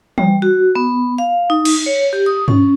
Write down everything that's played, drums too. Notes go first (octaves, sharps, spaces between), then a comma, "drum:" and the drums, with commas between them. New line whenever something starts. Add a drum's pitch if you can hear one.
G3, drum: tom E3
F#4
B3
F5
D#4
drum: cymbal
C#5
G4
D#6
C#4, drum: tom G2